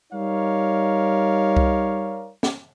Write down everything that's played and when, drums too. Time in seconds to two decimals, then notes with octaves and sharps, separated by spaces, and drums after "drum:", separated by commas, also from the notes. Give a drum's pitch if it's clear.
0.13 G3 D#4 A#4 C#5 D5 F5
1.57 drum: kick C2
2.43 drum: snare